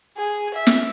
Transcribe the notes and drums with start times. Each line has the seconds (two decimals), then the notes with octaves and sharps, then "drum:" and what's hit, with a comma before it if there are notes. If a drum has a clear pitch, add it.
0.17 G#4
0.54 E5
0.67 drum: snare